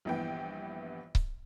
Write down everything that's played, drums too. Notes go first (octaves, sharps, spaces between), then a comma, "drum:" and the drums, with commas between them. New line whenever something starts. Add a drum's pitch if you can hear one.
A#1 G2 E3 B3 G5
drum: kick C#1